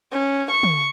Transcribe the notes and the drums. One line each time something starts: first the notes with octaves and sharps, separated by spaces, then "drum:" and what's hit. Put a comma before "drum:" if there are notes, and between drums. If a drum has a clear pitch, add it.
C#4
C#6
drum: tom